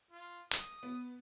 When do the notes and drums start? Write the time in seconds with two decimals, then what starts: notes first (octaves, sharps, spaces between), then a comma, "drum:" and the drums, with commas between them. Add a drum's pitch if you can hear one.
0.11 F4
0.51 D#6, drum: hi-hat
0.83 B3